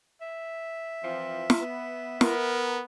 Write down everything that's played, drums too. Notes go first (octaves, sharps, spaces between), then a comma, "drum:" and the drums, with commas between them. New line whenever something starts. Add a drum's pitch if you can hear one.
E5
E3 F3 C4
drum: snare
B3
B3 A#4, drum: snare